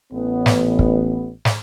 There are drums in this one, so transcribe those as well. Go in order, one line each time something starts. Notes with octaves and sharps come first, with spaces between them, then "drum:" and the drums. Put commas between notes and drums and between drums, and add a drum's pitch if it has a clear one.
A1 B3
drum: snare
drum: kick
drum: snare